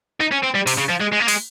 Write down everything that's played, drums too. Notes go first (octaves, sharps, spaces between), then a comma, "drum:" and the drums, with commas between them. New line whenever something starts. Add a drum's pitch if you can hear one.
D#4
C#4
C4
G3
C3, drum: open hi-hat
C#3
F3
G#3
G#3
A#3
G#3, drum: open hi-hat